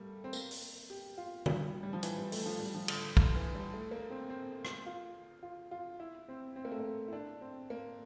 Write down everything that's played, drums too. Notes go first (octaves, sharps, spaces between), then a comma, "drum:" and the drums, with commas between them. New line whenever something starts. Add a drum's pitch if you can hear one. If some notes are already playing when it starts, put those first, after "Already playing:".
Already playing: G3 A3 A#3
C4
A#3, drum: tambourine
drum: open hi-hat
G4
F4
G3, drum: tom D3
G3
F3
E3, drum: hi-hat
G3
A3, drum: open hi-hat
F3
G3
F3
D3, drum: cymbal
D3, drum: kick
E3
G3
A3
A#3
C4
C4
drum: rim click
F4
F4
F4
E4
C4
C4
A#3
A3
A#3
E4
D4
C4
A#3